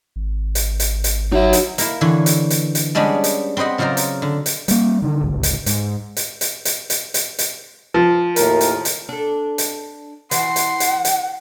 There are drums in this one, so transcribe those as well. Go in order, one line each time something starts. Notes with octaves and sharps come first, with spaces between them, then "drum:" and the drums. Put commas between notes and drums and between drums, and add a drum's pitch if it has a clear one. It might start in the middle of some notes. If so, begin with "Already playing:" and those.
G#1
drum: hi-hat
drum: hi-hat
drum: hi-hat
F#3 D#4 E5
drum: hi-hat
A#3 E4, drum: hi-hat
D3 E3 C#5
drum: hi-hat
drum: hi-hat
drum: hi-hat
G3 G#3 B3 C#4 D4
drum: hi-hat
C4 B4 C5 D#5 F#5
C#3 F#3 F4 C5 D5 A#5
drum: hi-hat
D3
drum: hi-hat
G3 A#3, drum: hi-hat
D3 D#3
D1 G#1 C#2
drum: hi-hat
G#2, drum: hi-hat
drum: hi-hat
drum: hi-hat
drum: hi-hat
drum: hi-hat
drum: hi-hat
drum: hi-hat
F3
D#2 A2 A#4, drum: hi-hat
drum: hi-hat
drum: hi-hat
D4 A4
drum: hi-hat
E3 F#5 C6, drum: hi-hat
drum: hi-hat
drum: hi-hat
drum: hi-hat